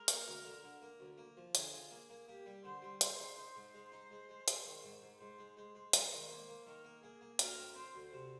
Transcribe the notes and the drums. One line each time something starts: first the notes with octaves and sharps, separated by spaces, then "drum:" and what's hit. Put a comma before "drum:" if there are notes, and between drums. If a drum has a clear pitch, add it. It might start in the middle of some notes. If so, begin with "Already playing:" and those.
Already playing: G#3 A#4
A#3, drum: hi-hat
D2
D3
D3
A#3
D2
A#3
F3
D3 G#4, drum: hi-hat
F4
A#3
A#3
A#3 G4
G3
D3 C5
G3
G#3 C5, drum: hi-hat
D#4
D#4 C5
G#2
G#3
D#4
G#3
G#3
G#3, drum: hi-hat
D#3
G#2
G#2
G#2 C5
G#3
G#3 C5
G#3
G#2 C5, drum: hi-hat
D#3
A#3
A#3
D#3 A#4
A#3
A#3 G#4
A#3
D2 A#4, drum: hi-hat
C4
C4 C5
D2
C3